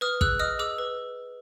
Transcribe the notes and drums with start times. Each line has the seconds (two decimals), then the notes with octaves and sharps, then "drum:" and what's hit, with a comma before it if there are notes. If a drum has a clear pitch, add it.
0.01 B4 D#6 F6
0.21 G#4 E6 F#6, drum: kick
0.39 D#5 D#6 F6
0.59 G#4 D6 E6
0.78 B4